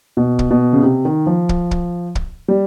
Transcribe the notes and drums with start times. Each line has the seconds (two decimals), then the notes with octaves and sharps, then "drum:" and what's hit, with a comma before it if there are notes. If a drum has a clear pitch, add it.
0.17 B2
0.39 drum: kick
0.50 B2
0.73 C#3
0.83 C3
1.05 D#3
1.27 F3
1.49 drum: kick
1.71 drum: kick
2.15 drum: kick
2.48 G3